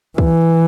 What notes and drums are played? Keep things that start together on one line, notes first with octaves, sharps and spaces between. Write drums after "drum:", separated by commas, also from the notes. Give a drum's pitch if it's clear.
E3, drum: kick